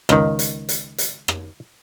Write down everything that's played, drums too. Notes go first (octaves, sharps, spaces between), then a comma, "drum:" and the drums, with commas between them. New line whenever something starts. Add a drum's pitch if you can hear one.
C#2 D#3, drum: rim click
drum: hi-hat
drum: hi-hat
drum: hi-hat
drum: rim click